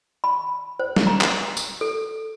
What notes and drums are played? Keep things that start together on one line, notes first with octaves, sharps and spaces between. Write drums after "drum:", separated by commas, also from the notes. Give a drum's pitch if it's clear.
B5
C5
drum: snare
A#5
drum: clap
drum: tambourine
A4